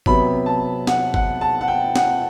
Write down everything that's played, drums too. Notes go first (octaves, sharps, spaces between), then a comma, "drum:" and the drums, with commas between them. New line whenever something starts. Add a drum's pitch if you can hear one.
C3 F#3 B3 B5, drum: kick G1
A5
F#5, drum: snare
F#5, drum: kick G1
A5
F#5
G5
F#5, drum: snare